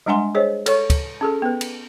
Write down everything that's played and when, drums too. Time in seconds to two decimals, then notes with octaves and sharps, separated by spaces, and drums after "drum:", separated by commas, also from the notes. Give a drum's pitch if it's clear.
0.06 G3 G#3 D4 F#5 G#5 C6
0.35 G#4 C5 C#5 D#5
0.66 A4 C#5 C#6, drum: cymbal
0.90 drum: kick, cymbal
1.21 C#4 G#4 A4
1.42 B3 B4
1.61 drum: cymbal